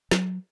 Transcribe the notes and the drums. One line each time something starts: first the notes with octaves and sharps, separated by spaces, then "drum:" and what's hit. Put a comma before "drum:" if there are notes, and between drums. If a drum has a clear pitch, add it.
F#3, drum: snare